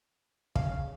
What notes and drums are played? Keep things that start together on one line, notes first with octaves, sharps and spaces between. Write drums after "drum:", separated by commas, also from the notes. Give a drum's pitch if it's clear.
C#3 F5, drum: kick